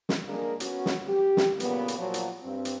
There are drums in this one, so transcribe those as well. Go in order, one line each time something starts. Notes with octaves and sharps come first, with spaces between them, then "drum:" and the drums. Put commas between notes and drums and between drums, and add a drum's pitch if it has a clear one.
drum: snare
G#3 A#3 D4 G#4 A#4
B3 C#4 F#4, drum: hi-hat
drum: snare
G4
drum: snare
A#2 C#3 B3, drum: hi-hat
drum: hi-hat
A#2 F3 F#3
drum: hi-hat
G2 C4
drum: hi-hat